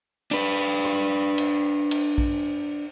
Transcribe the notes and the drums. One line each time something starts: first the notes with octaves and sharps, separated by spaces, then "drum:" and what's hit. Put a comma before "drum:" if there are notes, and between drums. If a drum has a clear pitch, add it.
D4 B4, drum: cymbal
drum: rim click
drum: cymbal
drum: cymbal
drum: kick A#1